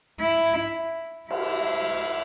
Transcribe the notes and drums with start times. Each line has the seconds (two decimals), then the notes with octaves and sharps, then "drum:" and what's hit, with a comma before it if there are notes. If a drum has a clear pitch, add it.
0.20 E4
1.31 E4, drum: cymbal